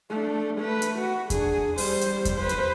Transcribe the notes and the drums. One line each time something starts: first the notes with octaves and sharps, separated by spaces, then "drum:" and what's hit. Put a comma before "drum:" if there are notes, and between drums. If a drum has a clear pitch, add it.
A3 D4
A3 B4
drum: hi-hat
F#4
D4 G#4, drum: kick E2, hi-hat
G3 C5, drum: open hi-hat
drum: hi-hat
drum: kick E2, hi-hat
B4 C5
drum: hi-hat